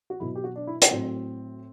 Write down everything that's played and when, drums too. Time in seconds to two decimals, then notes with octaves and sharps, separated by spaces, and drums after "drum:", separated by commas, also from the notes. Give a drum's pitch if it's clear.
0.10 F#4
0.20 B2 F#3 E4
0.35 G4
0.44 F#4
0.56 D4
0.67 E4
0.82 D4, drum: hi-hat
0.91 A2 F#3 C4